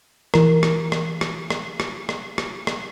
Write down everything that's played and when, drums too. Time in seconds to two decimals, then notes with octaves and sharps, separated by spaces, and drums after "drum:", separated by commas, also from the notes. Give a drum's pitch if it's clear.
0.34 E3 A#4, drum: rim click
0.63 drum: rim click
0.92 drum: rim click
1.21 drum: rim click
1.50 drum: rim click
1.80 drum: rim click
2.09 drum: rim click
2.38 drum: rim click
2.67 drum: rim click